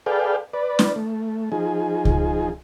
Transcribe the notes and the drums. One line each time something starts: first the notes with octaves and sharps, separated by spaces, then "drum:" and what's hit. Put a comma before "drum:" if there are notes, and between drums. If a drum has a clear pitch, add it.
G#4 A4 B4 D5 F5 G5
B4 D5
drum: snare
A3
F3 D#4 G#4
drum: kick C#2